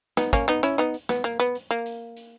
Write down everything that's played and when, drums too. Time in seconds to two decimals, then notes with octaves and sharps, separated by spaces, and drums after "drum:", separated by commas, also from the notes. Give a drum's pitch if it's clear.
0.17 B3 D#4, drum: snare
0.33 A#3 C#4, drum: kick
0.48 B3 D#4
0.63 C#4 E4, drum: hi-hat
0.78 B3 D#4
0.94 drum: hi-hat
1.09 B3, drum: snare
1.24 A#3
1.40 B3
1.55 drum: hi-hat
1.71 A#3
1.86 drum: hi-hat
2.17 drum: hi-hat